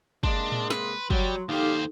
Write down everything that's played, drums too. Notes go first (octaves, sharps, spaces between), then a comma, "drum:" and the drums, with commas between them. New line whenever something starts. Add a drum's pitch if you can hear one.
C3 G#3 A#3 D4 C6, drum: kick
drum: tom A2
B4, drum: snare
F#3 G3, drum: kick
D#2 G3 D#4 G4 A4 C5 F5